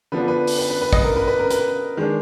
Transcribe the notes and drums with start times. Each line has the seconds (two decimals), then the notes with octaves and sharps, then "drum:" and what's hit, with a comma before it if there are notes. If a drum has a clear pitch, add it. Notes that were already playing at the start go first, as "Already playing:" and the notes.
0.12 D3 F3 B3 D4 B4
0.28 B4
0.47 drum: open hi-hat
0.58 B4
0.70 B4
0.81 B4
0.93 D#5, drum: kick
1.04 A#4
1.16 B4
1.27 B4
1.39 A#4
1.50 B4, drum: hi-hat
1.97 D#3 G#3 D4